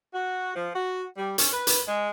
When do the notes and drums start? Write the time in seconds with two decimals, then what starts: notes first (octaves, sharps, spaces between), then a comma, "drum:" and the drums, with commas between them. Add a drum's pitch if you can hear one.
0.14 F#4
0.55 F3
0.74 F#4
1.18 G3
1.38 C#4, drum: hi-hat
1.52 B4
1.67 drum: hi-hat
1.87 G#3